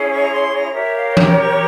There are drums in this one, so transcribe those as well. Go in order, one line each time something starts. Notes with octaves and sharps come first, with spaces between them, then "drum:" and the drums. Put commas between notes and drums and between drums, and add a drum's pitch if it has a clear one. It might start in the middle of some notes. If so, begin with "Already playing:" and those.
Already playing: C#4 E4 G#4 C#5
C#6
A#5
C6
A#5
G4 A#4 C#5 E5
F5
G5, drum: tom E3
C#6